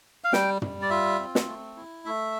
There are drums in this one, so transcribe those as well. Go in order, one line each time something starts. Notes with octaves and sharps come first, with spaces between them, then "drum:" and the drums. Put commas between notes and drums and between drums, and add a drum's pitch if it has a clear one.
F5
G3 G5, drum: snare
G3, drum: tom
D5
F4 E5
C4
drum: snare
A3
E4
A3 E5